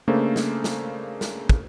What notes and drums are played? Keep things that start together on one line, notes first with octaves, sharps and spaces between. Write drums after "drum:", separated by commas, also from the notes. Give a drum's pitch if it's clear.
C#3 A3 A#3 D4 A4 C5
drum: snare
drum: snare
drum: snare
drum: kick